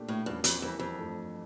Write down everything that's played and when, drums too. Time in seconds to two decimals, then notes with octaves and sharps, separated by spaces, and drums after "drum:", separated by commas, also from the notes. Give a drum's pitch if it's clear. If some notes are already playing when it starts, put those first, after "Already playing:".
Already playing: A#2 A3 D4 G4
0.08 A2
0.26 E2 G2 C#3 F3 A#3
0.44 F2, drum: hi-hat
0.62 F2 E3 G3 A#3 E4
0.79 F2
0.99 G2 F3 A3